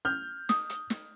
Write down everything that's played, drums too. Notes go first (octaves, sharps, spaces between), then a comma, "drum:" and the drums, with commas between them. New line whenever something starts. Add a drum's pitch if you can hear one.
F6 G6
D#6, drum: snare
drum: hi-hat
drum: snare